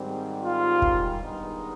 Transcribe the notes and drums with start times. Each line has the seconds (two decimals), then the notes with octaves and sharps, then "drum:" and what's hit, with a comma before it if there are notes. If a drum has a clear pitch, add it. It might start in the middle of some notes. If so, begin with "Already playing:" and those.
Already playing: G#2 D#3 G3 C4
0.43 F4
0.82 drum: kick
1.21 G2 D#3 G#3 B3 D#4